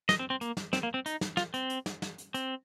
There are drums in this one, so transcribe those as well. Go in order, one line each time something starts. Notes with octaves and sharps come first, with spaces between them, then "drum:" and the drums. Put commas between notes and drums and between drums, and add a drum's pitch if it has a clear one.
D#5, drum: snare
C4
C4
A#3, drum: hi-hat
drum: snare
C4, drum: snare
A#3
C4
D#4, drum: hi-hat
drum: snare
F4, drum: snare
C4, drum: hi-hat
drum: hi-hat
drum: snare
drum: snare
drum: hi-hat
C4, drum: hi-hat